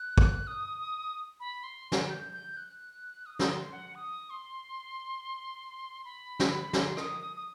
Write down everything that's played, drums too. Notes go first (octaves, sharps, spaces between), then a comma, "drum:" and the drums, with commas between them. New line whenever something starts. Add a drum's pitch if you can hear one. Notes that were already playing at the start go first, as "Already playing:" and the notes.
Already playing: F#6
drum: kick
D#6
B5
C6
drum: snare
G6
G6
F#6
D#6
D#6, drum: snare
C6
F#5
D#6
C6
B5
drum: snare
C6, drum: snare
D#6, drum: rim click
D#6
D#6